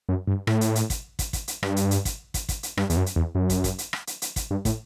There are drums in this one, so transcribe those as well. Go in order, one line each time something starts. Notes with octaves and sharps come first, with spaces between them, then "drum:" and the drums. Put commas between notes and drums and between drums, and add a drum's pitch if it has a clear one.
F#2
G2
A2, drum: rim click
drum: hi-hat
drum: hi-hat
drum: kick, hi-hat
drum: kick, hi-hat
drum: kick, hi-hat
drum: hi-hat
G2, drum: rim click
drum: hi-hat
drum: hi-hat
drum: kick, hi-hat
drum: kick, hi-hat
drum: kick, hi-hat
drum: hi-hat
G2, drum: rim click
E2, drum: hi-hat
F#2
drum: hi-hat
E2
F#2
drum: kick, hi-hat
drum: kick, hi-hat
drum: hi-hat
drum: rim click
drum: hi-hat
drum: hi-hat
drum: kick, hi-hat
G2
A2, drum: kick, hi-hat